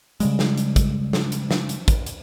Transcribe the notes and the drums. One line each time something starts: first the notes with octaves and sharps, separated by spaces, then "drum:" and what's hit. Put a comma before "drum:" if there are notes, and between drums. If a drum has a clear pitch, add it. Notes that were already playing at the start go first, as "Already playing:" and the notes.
C#3 G3 G#3, drum: hi-hat
drum: snare
drum: hi-hat
drum: kick, hi-hat
drum: snare
drum: hi-hat
drum: snare
drum: hi-hat
drum: kick, hi-hat
drum: hi-hat